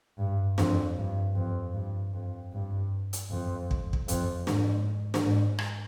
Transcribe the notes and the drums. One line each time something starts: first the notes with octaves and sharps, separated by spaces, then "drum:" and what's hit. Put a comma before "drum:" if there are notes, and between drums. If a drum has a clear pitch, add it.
G2
F2, drum: snare
G2
F2
G2
F2
G2
drum: hi-hat
F2
drum: kick
drum: kick
F2, drum: hi-hat
G#2, drum: snare
drum: snare
G#2
drum: rim click